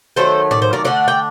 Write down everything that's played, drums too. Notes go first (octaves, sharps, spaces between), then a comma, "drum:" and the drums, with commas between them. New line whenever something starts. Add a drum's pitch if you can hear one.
D#3 F#3 A3 A4 C5
D5, drum: tom A2
C5
A#4 D5
D3 A3 D4 D5 F#5
G5